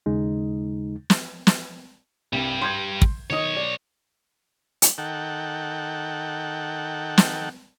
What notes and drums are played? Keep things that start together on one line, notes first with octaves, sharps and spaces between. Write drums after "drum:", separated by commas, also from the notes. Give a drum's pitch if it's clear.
D#2 C#3 G#3 D#4
drum: snare
drum: snare
C2 G2 G3
C6 G6 G#6
drum: kick
B1 D#3 C#5 D#5 D#6
D5
drum: hi-hat
D#3 A4 F#5 G5
drum: snare